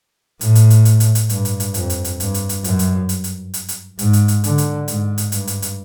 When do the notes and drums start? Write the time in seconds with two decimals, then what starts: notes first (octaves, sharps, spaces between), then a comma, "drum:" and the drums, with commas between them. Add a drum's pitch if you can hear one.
0.41 A2, drum: hi-hat
0.55 drum: hi-hat
0.70 drum: hi-hat
0.85 drum: hi-hat
1.00 drum: hi-hat
1.15 drum: hi-hat
1.29 G2, drum: hi-hat
1.45 drum: hi-hat
1.60 drum: hi-hat
1.74 F2, drum: hi-hat
1.90 drum: hi-hat
2.04 drum: hi-hat
2.20 G2, drum: hi-hat
2.34 drum: hi-hat
2.49 drum: hi-hat
2.64 F#2, drum: hi-hat
2.79 drum: hi-hat
3.09 drum: hi-hat
3.24 drum: hi-hat
3.54 drum: hi-hat
3.69 drum: hi-hat
3.99 G#2, drum: hi-hat
4.13 drum: hi-hat
4.28 drum: hi-hat
4.44 D3, drum: hi-hat
4.58 drum: hi-hat
4.88 G#2, drum: hi-hat
5.18 drum: hi-hat
5.32 G2, drum: hi-hat
5.47 drum: hi-hat
5.62 drum: hi-hat